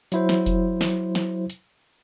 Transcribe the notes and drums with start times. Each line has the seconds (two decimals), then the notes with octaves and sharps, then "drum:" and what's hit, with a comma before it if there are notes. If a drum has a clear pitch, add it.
0.12 F#3 E4 C5, drum: hi-hat
0.29 drum: snare
0.46 drum: kick F1, hi-hat
0.81 drum: snare
1.15 drum: snare
1.50 drum: hi-hat